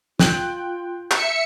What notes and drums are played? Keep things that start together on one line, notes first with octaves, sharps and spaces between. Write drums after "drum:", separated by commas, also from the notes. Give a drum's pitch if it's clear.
F4 G5 F#6 G6, drum: snare
E5 C#7, drum: clap